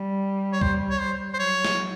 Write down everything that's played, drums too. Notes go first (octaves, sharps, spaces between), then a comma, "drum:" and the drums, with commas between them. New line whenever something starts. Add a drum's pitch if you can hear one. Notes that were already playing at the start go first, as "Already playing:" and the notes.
Already playing: G3
C#5
C5, drum: kick C2
C#5
C5
C5
F#3 C#5
drum: snare